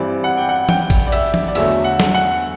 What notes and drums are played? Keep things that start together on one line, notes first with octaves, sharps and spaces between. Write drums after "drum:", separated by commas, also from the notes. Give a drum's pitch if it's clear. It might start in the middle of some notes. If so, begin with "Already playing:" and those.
Already playing: G2 E3 G3 C4 D5
F#5
G5
F#5
G5, drum: tom
drum: kick A1, cymbal
D5
E5, drum: cymbal
drum: tom
D5
E2 D3 F#3 A3 E5, drum: cymbal
F#5
drum: snare
F#5